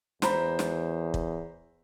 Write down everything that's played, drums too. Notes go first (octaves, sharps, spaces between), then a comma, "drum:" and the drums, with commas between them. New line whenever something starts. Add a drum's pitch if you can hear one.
E2 C5 A#5 B5, drum: snare
drum: snare
drum: kick